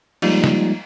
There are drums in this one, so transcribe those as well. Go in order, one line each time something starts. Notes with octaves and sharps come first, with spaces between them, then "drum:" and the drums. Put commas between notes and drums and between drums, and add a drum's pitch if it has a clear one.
F3 G3 G#3 A#3 D#4 F4, drum: cymbal
drum: snare C#3